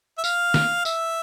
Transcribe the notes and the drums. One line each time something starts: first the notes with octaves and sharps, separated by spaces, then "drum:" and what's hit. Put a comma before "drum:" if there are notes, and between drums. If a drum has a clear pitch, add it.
E5
F5, drum: tambourine
drum: snare
E5, drum: tambourine